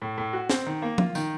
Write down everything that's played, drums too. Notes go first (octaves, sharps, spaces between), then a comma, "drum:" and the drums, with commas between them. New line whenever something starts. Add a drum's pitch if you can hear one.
A2
A2
F#4
C4, drum: snare
D#3
A#3
F4, drum: tom F3
D#3, drum: tambourine